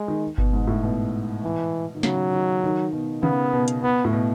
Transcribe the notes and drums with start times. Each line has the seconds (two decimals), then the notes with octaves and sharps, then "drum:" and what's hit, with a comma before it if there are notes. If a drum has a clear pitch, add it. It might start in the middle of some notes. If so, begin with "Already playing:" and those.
Already playing: G#3
0.08 D#3
0.38 B2, drum: kick G1
0.53 G#2
0.67 A2
0.83 B2
1.44 E3
1.95 D#3
2.03 C#3 F#3, drum: snare
2.33 D#3
2.64 D#3
2.93 B2
3.23 C#3 B3, drum: tom
3.53 B2
3.68 drum: hi-hat
3.83 B2 B3
4.05 A2
4.13 B2